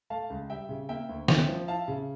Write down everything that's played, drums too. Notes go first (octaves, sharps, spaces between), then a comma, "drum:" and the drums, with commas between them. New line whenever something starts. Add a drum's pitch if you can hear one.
A3 F5 A5
C#2
G3 E5 G5
C#3
A#3 E5 G5
D2
C#4 E5 G5, drum: snare
F3
E4 F5 A5
C#3